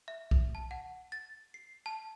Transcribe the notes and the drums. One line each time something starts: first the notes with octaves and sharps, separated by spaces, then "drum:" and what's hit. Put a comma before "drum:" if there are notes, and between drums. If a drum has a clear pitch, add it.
E5
drum: kick
A5
F#5
A6
C7
A5